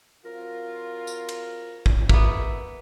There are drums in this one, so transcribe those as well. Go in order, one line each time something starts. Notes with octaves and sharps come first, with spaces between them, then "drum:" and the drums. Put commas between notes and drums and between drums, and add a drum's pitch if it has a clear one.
F#3 C4 F4 A#4
drum: tambourine
drum: cymbal
drum: kick
A#3 B3 E5, drum: kick